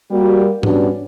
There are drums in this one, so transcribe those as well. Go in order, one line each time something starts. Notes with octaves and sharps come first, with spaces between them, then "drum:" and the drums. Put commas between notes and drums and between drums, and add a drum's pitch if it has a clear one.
G3 A#3 F#4
G3 B3 C#4 D4 F#4, drum: tom G#2